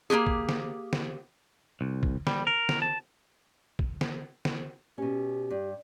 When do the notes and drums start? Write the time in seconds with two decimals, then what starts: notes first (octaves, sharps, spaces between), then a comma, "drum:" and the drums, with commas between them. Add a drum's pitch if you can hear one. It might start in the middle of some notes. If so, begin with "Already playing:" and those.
0.10 A#3 D#4 G4 G#4
0.27 drum: kick
0.49 drum: snare
0.93 drum: snare
1.81 C2
2.03 drum: kick
2.27 G3, drum: snare
2.47 A#4
2.69 drum: snare
2.82 A5
3.79 drum: kick
4.01 drum: snare
4.45 drum: snare
4.98 B2 C#4 G4
5.50 G2